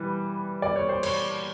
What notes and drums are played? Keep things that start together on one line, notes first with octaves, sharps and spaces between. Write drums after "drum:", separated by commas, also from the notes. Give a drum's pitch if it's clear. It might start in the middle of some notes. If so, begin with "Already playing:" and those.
Already playing: E3 G3 B4
D5
C#5
C5
C#5, drum: cymbal